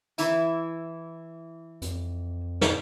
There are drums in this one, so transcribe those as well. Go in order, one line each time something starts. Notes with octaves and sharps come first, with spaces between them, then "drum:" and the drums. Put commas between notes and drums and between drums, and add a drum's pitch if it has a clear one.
E3 E4, drum: hi-hat
F2, drum: hi-hat
drum: snare